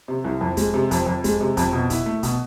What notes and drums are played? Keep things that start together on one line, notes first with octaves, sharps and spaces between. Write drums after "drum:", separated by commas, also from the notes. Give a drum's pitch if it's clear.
C3
C2
F2
G#3, drum: kick, hi-hat
C3
F2, drum: kick, hi-hat
F2
G#3, drum: kick, hi-hat
C3
F2, drum: kick, hi-hat
B2
E4, drum: kick, hi-hat
A3
B2, drum: kick, hi-hat